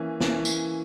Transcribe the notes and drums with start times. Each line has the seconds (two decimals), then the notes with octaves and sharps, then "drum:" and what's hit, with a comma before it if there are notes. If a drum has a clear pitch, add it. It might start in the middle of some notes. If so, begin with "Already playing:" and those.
Already playing: E3 A#3 C#4
0.20 E3 A#3 C#4, drum: snare
0.45 drum: tambourine